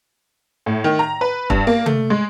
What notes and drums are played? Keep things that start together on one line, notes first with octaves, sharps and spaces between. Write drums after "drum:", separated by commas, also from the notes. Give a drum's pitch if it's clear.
A2
D#3
A#5
B4
G2, drum: kick
A#3
A3, drum: tom
G#3